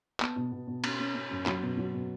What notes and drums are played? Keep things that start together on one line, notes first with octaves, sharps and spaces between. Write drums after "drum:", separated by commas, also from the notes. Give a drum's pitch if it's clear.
B3 A5, drum: clap
B2
B2
B2
C#4, drum: cymbal
C#4
C#4
F#2
F#3 B5, drum: clap
B2
F#3
B2